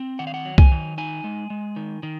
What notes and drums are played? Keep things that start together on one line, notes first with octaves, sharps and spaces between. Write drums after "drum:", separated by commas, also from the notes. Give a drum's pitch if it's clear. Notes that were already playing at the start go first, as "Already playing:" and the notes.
Already playing: C4
D#3 F#5
F5
F#5
F#3
G#5, drum: kick C2
D#3
D#4 G#5
G#3
G#3
D#3
D#3